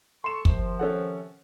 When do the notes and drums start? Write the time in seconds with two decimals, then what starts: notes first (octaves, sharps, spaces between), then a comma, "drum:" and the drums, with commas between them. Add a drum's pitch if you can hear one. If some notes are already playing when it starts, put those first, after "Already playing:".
0.24 A4 C6 C#6 E7
0.45 C3 D#3 F3, drum: kick
0.79 C#4 A4 F#5